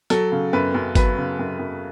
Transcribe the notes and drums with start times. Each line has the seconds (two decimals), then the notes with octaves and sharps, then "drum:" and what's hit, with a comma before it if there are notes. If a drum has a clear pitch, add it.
0.10 F#3 A4, drum: hi-hat
0.32 C#3
0.53 F#2 B4
0.74 F#2
0.95 F#3 B4, drum: kick G1, hi-hat
1.18 C#3
1.39 F#2
1.59 F#2